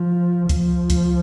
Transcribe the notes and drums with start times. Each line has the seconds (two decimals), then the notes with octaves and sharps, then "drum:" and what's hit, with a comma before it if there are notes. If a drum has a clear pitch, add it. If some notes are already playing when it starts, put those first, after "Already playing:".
Already playing: F3
0.49 F3, drum: kick C#2, hi-hat
0.90 drum: kick C#2, hi-hat